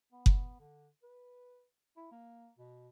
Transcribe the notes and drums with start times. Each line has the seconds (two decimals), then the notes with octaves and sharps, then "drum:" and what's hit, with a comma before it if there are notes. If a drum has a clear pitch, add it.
0.12 B3
0.26 drum: kick F#1
0.59 D3
1.03 B4
1.96 E4
2.12 A#3
2.58 B2